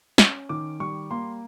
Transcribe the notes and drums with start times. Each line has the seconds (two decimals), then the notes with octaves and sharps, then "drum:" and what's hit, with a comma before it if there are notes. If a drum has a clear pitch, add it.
0.18 C#4, drum: snare
0.49 D#3 D6
0.80 G3 C#6
1.11 A#3 C6